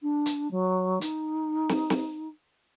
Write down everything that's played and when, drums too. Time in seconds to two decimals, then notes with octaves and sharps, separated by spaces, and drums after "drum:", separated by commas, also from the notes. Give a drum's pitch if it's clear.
0.02 D4
0.26 drum: hi-hat
0.51 F#3
1.01 D#4, drum: hi-hat
1.69 drum: snare
1.90 drum: snare